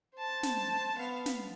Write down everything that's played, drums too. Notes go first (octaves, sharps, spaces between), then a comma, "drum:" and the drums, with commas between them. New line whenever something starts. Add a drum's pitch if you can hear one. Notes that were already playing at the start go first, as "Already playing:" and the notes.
C5 A5
drum: snare
B3 F5
drum: snare